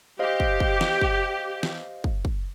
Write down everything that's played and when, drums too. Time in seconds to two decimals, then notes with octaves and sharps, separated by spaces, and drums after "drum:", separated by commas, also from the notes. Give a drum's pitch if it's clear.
0.19 G4 C5 D#5 F5
0.40 drum: kick
0.60 drum: kick
0.81 drum: snare
1.01 drum: kick
1.63 drum: snare
2.04 drum: kick
2.25 drum: kick